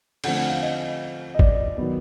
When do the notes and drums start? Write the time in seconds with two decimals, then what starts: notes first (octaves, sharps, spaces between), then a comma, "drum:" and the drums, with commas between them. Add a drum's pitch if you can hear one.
0.24 D3 F3 A3 C4 F#5, drum: cymbal
0.37 F#5
0.50 F5
0.62 D#5
1.34 D#5
1.39 D5, drum: kick
1.78 D#3 F#3 B3